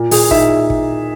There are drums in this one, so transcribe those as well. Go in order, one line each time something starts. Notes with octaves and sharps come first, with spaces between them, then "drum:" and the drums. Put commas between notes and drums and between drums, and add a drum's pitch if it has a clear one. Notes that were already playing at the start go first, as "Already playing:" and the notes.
Already playing: A#2
A#2 G#4, drum: open hi-hat
D#4 E5, drum: kick
drum: kick